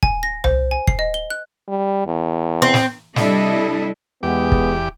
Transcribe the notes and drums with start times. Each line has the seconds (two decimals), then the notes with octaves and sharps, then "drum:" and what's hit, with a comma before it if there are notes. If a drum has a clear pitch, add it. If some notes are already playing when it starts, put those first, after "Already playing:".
0.03 G#5, drum: kick
0.23 A#6
0.44 C5, drum: tom C2
0.71 G#5
0.87 C7, drum: kick
0.99 D#5
1.14 G7
1.30 F#6
1.68 G3
2.06 E2
2.62 C4
2.74 drum: snare
3.16 C3 G3 D4 E4 A4 D#5, drum: snare
4.23 E2 G#3 B3 G4 D6
4.52 drum: kick